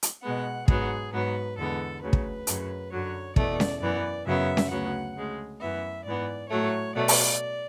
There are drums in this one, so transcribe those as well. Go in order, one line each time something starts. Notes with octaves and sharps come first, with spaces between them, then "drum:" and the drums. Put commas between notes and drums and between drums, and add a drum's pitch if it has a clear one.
drum: hi-hat
B2 G#3 B3 F#5
G#2 F#3 B3 G#4, drum: kick
G#2 F#3 B3 B4
E2 D3 G#3 B3 A4
D2 C#3 F#3 B4
drum: kick
F#2 C#3 F#3, drum: hi-hat
F#2 D3 F#3 C#5
E2 B2 A3 D5, drum: kick
drum: snare C#4
F#2 E3 B3 D5
F#2 C#3 F#3 B3 E5
drum: snare C#4
D2 C#3 F#3 B3 F#5
D2 C#3 G#3
F#2 E3 B3 E5
G#2 E3 B3 D5
A2 F#3 A3 C#5
B2 F#3 A3 D5
drum: open hi-hat